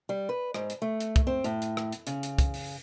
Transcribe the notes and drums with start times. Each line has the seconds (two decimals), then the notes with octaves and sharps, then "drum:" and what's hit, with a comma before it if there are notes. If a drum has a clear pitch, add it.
0.09 G3
0.29 B4
0.54 G#2, drum: rim click
0.70 drum: hi-hat
0.82 A3
1.00 drum: hi-hat
1.16 drum: kick, hi-hat
1.27 C4
1.44 A2, drum: hi-hat
1.62 drum: hi-hat
1.77 drum: rim click
1.92 drum: hi-hat
2.07 C#3, drum: hi-hat
2.23 drum: hi-hat
2.39 drum: kick, hi-hat
2.54 drum: open hi-hat